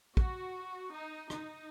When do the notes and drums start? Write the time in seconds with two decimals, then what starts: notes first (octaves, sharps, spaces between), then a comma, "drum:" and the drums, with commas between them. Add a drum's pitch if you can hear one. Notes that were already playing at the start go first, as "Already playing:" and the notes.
0.17 F#4, drum: kick
0.91 D#4
1.30 D#4, drum: rim click